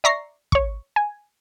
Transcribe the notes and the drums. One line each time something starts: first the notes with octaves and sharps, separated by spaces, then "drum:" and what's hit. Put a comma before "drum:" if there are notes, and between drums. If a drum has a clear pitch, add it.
D5 E5 A#5 C#6 A#6 C7
C#5 C#6, drum: kick
G#5